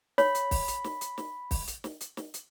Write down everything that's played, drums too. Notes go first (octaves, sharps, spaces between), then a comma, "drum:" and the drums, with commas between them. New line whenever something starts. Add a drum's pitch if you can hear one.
C#5 B5, drum: snare
drum: hi-hat
drum: kick, open hi-hat
drum: hi-hat
drum: snare
drum: hi-hat
drum: snare
drum: kick, open hi-hat
drum: hi-hat
drum: snare
drum: hi-hat
drum: snare
drum: hi-hat